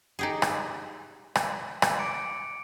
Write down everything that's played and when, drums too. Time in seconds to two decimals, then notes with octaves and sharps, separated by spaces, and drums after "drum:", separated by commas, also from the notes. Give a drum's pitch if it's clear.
0.19 D#4 G4 G#4
0.42 drum: rim click
1.36 drum: rim click
1.82 drum: rim click
1.99 D6 C#7 D7